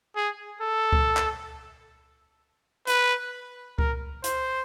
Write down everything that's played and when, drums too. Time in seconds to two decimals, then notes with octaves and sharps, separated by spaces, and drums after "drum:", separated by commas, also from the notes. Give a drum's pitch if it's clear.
0.16 G#4
0.61 A4
0.92 drum: kick C#2
1.17 drum: clap
2.87 B4, drum: hi-hat
3.78 A#4, drum: kick C#2
4.24 C5, drum: hi-hat